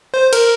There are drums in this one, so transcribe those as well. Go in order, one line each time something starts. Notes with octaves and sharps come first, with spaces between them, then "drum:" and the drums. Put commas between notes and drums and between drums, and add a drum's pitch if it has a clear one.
C5
A#4, drum: cymbal